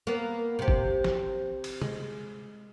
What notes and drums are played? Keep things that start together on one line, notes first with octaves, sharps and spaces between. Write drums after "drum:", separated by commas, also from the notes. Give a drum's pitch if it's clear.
A#3 B3
C3 G4
drum: kick
drum: snare
drum: cymbal
G#3, drum: tom C3